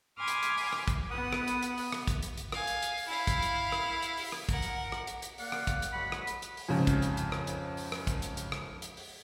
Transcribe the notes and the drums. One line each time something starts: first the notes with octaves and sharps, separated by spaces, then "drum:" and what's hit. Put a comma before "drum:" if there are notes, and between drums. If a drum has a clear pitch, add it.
G#5 B5 C6 D6 D#6 F6
drum: hi-hat
drum: hi-hat
drum: open hi-hat
drum: rim click
drum: kick, hi-hat
B3 B4 F#5 D#6
drum: rim click
drum: hi-hat
drum: hi-hat
drum: open hi-hat
drum: rim click
drum: kick, hi-hat
drum: hi-hat
drum: hi-hat
F5 G#5, drum: rim click
drum: hi-hat
drum: hi-hat
drum: open hi-hat
E4 F5
drum: kick, hi-hat
drum: hi-hat
drum: rim click
drum: hi-hat
drum: open hi-hat
drum: rim click
A#4 F#5, drum: kick, hi-hat
drum: hi-hat
drum: rim click
drum: hi-hat
drum: hi-hat
A#3 D5 F5 F#5, drum: open hi-hat
drum: rim click
drum: kick, hi-hat
drum: hi-hat
F#3 G#3 C#5 F#5 B5
drum: rim click
drum: hi-hat
drum: hi-hat
drum: open hi-hat
F2 G#2 C#3
drum: kick, hi-hat
drum: hi-hat
drum: hi-hat
drum: rim click
drum: hi-hat
drum: open hi-hat
drum: rim click
drum: kick, hi-hat
drum: hi-hat
drum: hi-hat
drum: rim click
drum: hi-hat
drum: open hi-hat